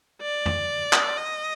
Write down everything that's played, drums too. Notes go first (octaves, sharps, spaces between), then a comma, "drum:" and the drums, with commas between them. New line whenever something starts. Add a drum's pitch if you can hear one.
D5
drum: tom F2
drum: clap
D#5